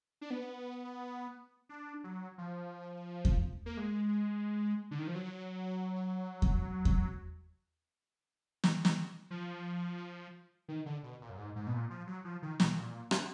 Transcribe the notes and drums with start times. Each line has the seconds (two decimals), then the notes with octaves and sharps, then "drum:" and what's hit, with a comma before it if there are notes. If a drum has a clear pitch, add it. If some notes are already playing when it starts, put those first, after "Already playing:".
0.21 D4
0.30 B3
1.69 D4
2.04 F#3
2.38 F3
3.25 drum: kick E2
3.66 A#3
3.77 G#3
4.91 D3
4.99 D#3
5.07 F3
5.15 F#3
6.42 drum: kick E2
6.85 drum: kick E2
8.64 drum: snare
8.85 drum: snare
9.31 F3
10.68 D#3
10.86 D3
11.03 B2
11.22 A#2
11.30 F#2
11.38 G#2
11.56 G#2
11.67 B2
11.73 A#2
11.90 F3
12.07 F#3
12.25 F3
12.42 D#3
12.60 B2, drum: snare
12.77 A#2
13.11 drum: rim click